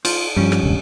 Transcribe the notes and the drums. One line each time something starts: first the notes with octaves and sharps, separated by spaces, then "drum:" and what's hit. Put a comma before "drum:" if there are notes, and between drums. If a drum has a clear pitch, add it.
F4 C5, drum: cymbal
G2 F3 G3 C#4
drum: rim click
E1 C#2 G2